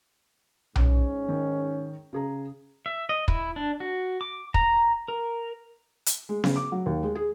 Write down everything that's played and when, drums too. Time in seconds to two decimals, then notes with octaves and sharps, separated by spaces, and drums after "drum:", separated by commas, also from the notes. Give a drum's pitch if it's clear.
0.76 G#2 C#4, drum: tom B1
1.29 D#3
2.13 C#3 G#4 A#5
2.86 E5
3.09 D#5
3.28 E4, drum: kick
3.56 D4
3.80 F#4
4.21 D6
4.54 A#5, drum: kick
5.08 A#4
6.06 drum: hi-hat
6.29 G#3
6.44 C#3, drum: snare B3
6.56 D6
6.72 F#3
6.86 D#2
7.03 G#3
7.15 G#4